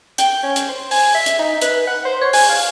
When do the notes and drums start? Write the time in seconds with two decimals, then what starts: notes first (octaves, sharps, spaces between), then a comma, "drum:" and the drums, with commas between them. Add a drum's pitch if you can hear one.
0.18 G5, drum: hi-hat
0.43 C#4
0.56 drum: hi-hat
0.68 C5
0.91 G#5, drum: open hi-hat
1.14 E5
1.26 drum: hi-hat
1.39 D#4
1.61 B4, drum: hi-hat
1.87 F#5
2.05 C5
2.21 C#5
2.33 G#5, drum: open hi-hat
2.49 F5